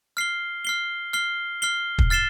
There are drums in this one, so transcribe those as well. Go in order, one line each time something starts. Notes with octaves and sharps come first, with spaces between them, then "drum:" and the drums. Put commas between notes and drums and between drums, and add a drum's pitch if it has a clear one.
F6 C7 G7
F6 C7 G7
F6 C7 G7
F6 C7 G7
drum: kick
F6 A6 C7 E7 G7